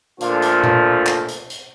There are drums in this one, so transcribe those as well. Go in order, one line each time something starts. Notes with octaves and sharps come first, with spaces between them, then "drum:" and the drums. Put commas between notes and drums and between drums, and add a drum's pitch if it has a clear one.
A#2 D3 F3 A3 F4, drum: hi-hat
drum: hi-hat
drum: tom B2
drum: clap
drum: hi-hat
drum: hi-hat